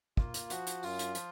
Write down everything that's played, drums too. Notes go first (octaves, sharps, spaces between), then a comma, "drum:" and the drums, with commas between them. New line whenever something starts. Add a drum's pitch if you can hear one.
A#3 F4, drum: kick
drum: hi-hat
F3 F#4, drum: hi-hat
drum: hi-hat
F#2 F4, drum: open hi-hat
drum: hi-hat
F3, drum: hi-hat